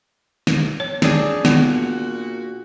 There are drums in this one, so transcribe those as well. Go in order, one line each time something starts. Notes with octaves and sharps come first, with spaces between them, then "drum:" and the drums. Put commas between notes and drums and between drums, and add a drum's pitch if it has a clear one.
drum: snare
C#5
C4 D4 G#4, drum: snare
A#2 B3 F#4, drum: snare